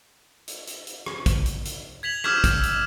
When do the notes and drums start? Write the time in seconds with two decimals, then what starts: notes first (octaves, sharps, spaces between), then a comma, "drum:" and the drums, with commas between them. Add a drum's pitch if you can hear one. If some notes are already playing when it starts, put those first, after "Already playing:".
0.48 drum: hi-hat
0.67 drum: hi-hat
0.87 drum: hi-hat
1.06 drum: rim click
1.26 drum: kick, hi-hat
1.46 drum: hi-hat
1.65 drum: hi-hat
2.03 G#6 B6 F7 F#7
2.24 D6 E6 F6 G6 G#6 E7, drum: rim click
2.44 drum: kick, hi-hat
2.63 drum: hi-hat